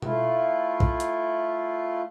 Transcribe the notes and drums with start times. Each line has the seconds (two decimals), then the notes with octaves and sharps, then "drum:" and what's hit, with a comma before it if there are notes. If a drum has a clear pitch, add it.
0.02 A3 E4 F4, drum: tom B2
0.80 drum: kick B1
1.00 drum: hi-hat